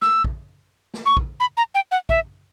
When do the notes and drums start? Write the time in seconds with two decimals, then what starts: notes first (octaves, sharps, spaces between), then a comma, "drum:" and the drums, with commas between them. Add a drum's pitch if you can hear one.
0.02 E6, drum: snare
0.24 drum: kick
0.94 drum: snare
1.05 C#6
1.17 drum: kick
1.40 B5
1.57 A#5
1.74 G5
1.91 F#5
2.09 E5, drum: kick